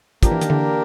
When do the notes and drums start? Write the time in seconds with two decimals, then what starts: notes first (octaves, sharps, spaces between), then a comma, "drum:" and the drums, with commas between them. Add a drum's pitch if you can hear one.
0.23 F3 A#3 D4 G4 A#4, drum: kick, hi-hat
0.31 E3
0.41 D#3, drum: hi-hat
0.50 D3 E3